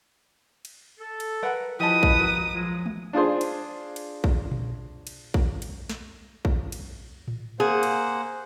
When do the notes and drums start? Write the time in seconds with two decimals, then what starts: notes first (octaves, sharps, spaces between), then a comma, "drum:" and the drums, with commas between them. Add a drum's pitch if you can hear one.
0.65 drum: cymbal
0.99 A4
1.20 drum: cymbal
1.43 A#4 B4 F#5
1.80 F3 E4 G4 B4 D#5 A5 D#6
2.03 drum: kick
2.19 F#4 A#4
2.54 F3 F#3 G#3
2.86 drum: tom G#3
3.13 D4 F4 G#4 C5
3.41 drum: cymbal
3.96 drum: cymbal
4.24 drum: kick
4.51 drum: tom A#2
5.07 drum: cymbal
5.34 drum: kick
5.62 drum: cymbal
5.90 drum: snare
6.45 drum: kick
6.72 drum: cymbal
7.28 drum: tom A2
7.60 A#3 G#4 C5 F#5
7.83 drum: cymbal